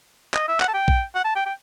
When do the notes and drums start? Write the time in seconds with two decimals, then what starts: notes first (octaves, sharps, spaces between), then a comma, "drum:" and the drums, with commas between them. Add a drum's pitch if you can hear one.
0.34 D#5, drum: clap
0.48 E5
0.60 F#5, drum: clap
0.68 A5
0.74 G5
0.88 drum: kick
1.15 F#5
1.25 A5
1.36 G5
1.46 G5